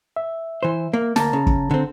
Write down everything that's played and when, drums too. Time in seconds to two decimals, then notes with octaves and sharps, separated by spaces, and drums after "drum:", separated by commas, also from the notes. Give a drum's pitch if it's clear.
0.16 E5
0.63 E3 C5
0.93 A#3
1.16 D2 A#3 A5 A#5, drum: snare
1.33 C#3
1.47 drum: kick
1.71 D3 C4